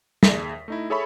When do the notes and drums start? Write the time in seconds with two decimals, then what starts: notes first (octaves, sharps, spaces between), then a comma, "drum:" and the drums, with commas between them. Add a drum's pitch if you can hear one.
0.23 D#2 G#4 E5 A#6 B6, drum: snare
0.68 A3 D#4 E4
0.90 G#4 A4 C#5 E5 B5 C#6